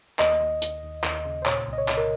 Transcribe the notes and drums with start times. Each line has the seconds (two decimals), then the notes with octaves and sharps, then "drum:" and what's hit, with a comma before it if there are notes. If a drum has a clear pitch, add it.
0.19 D#2 D#5, drum: clap
0.40 D#2
0.62 D#2, drum: hi-hat
0.83 D#2
1.04 D#2, drum: clap
1.25 C#3
1.42 C5
1.46 A#2 C#5, drum: clap
1.67 C2
1.73 D#5
1.78 C#5
1.88 C2, drum: clap
1.97 A#4